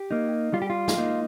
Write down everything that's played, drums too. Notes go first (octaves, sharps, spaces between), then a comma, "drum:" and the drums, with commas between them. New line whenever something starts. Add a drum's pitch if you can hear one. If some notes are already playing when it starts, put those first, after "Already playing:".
Already playing: G4
A#3 D#4
G3 F4
G4
F4
drum: snare
A#3 D#4